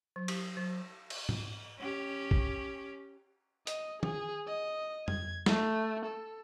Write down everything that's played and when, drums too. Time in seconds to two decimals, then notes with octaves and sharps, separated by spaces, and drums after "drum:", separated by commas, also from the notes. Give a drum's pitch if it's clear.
0.16 F#3
0.28 G4, drum: cymbal
0.57 F#3
1.10 drum: cymbal
1.29 drum: tom G#2
1.79 C#4 G4
2.31 drum: kick
3.67 D#5, drum: hi-hat
4.03 G#4, drum: tom D#3
4.47 D#5
5.08 G#6, drum: tom F2
5.46 A3, drum: snare
6.06 A4